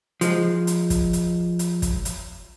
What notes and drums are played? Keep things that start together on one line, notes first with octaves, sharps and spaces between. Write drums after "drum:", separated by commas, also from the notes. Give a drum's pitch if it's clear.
F3 G#3, drum: hi-hat
drum: hi-hat
drum: kick, hi-hat
drum: hi-hat
drum: hi-hat
drum: kick, hi-hat
drum: hi-hat